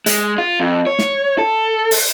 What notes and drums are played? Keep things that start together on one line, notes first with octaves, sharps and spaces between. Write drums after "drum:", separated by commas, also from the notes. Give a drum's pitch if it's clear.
G#3, drum: hi-hat
F4
F2
C#5
drum: snare
A4
drum: open hi-hat